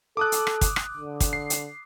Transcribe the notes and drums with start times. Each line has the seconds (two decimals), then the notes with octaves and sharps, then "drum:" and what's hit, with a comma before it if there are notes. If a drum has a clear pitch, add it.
0.17 A4 D6 D#6 F#6
0.32 drum: hi-hat
0.47 drum: rim click
0.61 drum: kick, hi-hat
0.76 drum: rim click
0.97 D3
1.20 drum: kick, hi-hat
1.33 C7
1.50 drum: hi-hat